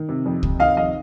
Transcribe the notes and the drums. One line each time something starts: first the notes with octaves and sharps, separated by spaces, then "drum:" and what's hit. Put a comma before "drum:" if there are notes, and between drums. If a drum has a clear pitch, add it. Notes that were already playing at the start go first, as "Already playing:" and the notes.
Already playing: D#3
C3
F2
C3, drum: kick
D#3 D#5 F5
F2 D#5 F5